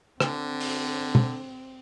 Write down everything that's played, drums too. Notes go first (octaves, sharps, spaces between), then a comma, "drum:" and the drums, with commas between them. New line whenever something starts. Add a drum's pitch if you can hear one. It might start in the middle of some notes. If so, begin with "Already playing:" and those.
D3 C4, drum: rim click
drum: open hi-hat
drum: tom